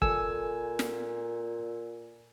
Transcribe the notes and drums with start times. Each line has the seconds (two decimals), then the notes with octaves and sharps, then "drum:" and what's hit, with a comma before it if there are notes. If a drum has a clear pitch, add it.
0.02 A#2 A4 G#5 E6, drum: kick
0.79 drum: snare